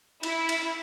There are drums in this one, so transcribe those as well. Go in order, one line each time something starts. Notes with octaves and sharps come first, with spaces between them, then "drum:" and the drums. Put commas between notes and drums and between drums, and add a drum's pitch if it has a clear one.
E4, drum: cymbal
drum: cymbal